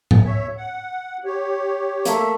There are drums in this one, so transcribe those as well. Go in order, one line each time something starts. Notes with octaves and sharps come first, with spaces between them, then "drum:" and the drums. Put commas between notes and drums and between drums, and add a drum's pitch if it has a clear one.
drum: tom A2
C#5 E5
F#5
G4 C#5
A3 A#3 E5, drum: hi-hat